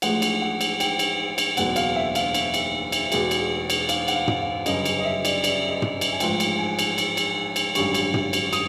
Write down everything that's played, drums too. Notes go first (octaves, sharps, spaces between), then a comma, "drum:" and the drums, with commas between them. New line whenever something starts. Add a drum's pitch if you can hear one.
A1 A2 F3 G#3 F#5, drum: cymbal
drum: cymbal
F#5
drum: cymbal
G5, drum: cymbal
drum: cymbal
drum: cymbal
F#1 E2 B2 F#5, drum: cymbal
F5, drum: cymbal
E5
F5, drum: cymbal
drum: cymbal
drum: cymbal
drum: cymbal
E2 B2 G#3, drum: cymbal
drum: cymbal
drum: cymbal
F5, drum: cymbal
F#5, drum: cymbal
F5
drum: tom
F5
G1 F#2 C#3 D#5, drum: cymbal
drum: cymbal
D#5
E5
D5, drum: cymbal
D5, drum: cymbal
D#5
drum: tom
drum: cymbal
G#5
A1 G#2 F3 G#3 G5, drum: cymbal
drum: cymbal
G#5
drum: cymbal
drum: cymbal
drum: cymbal
drum: cymbal
G#1 F#2 D3 G3 C#6, drum: cymbal
drum: cymbal
drum: tom
drum: cymbal
D#6, drum: cymbal